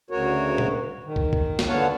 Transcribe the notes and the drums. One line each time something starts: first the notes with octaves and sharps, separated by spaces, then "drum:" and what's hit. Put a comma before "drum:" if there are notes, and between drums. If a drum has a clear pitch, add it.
D2 C#3 F#4 A#4 C#5
drum: tom
D#3
drum: kick
drum: kick
drum: snare
D3 B3 C#5 F5 F#5 A5